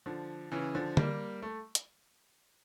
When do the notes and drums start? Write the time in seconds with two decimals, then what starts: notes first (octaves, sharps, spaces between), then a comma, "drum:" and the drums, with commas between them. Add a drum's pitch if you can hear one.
0.06 D3 F3
0.52 C#3 E3
0.75 D3 F3
0.97 G3 A#3, drum: tom D3
1.42 A3
1.75 drum: hi-hat